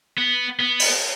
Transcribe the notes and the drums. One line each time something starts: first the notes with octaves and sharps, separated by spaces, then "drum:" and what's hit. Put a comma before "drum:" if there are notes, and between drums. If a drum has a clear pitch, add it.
B3
B3
drum: open hi-hat